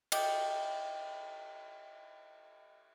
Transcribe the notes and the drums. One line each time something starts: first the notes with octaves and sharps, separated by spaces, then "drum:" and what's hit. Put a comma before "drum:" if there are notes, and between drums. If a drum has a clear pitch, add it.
D#5 G5 D6, drum: cymbal